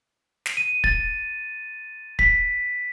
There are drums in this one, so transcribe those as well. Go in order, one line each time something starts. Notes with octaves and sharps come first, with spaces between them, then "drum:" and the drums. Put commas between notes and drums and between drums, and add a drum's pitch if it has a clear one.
drum: snare
D#7
A6, drum: kick
B6, drum: kick